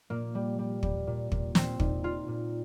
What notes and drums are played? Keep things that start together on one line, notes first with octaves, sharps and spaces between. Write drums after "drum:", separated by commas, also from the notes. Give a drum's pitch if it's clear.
A#2 A#3
G3
G3
G3, drum: kick
A#2
A#2, drum: kick
A#2 C4, drum: snare
A#2 D#4, drum: kick
A#2 F4
A#2